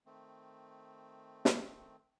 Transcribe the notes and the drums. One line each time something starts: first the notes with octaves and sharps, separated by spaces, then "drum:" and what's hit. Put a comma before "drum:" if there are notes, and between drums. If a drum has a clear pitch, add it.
D#3 A3 C4
drum: snare